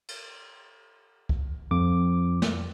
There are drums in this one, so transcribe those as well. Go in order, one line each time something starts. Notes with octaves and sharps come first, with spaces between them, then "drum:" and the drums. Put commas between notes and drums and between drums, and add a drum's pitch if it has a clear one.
drum: cymbal
drum: kick C2
F2 D6
drum: snare